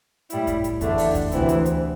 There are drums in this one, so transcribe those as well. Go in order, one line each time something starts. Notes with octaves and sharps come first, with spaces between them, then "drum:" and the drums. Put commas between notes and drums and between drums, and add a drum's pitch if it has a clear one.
A2 G3 E4, drum: hi-hat
drum: kick, hi-hat
drum: hi-hat
E2 D3 A3 D4, drum: kick, hi-hat
drum: open hi-hat
drum: kick, hi-hat
D2 C3 E3 C4 E4, drum: hi-hat
drum: hi-hat
drum: hi-hat